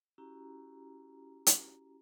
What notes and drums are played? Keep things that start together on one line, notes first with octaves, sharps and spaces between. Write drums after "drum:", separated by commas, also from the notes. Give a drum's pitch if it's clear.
C#4 E4 F#4 G4 A#5
drum: hi-hat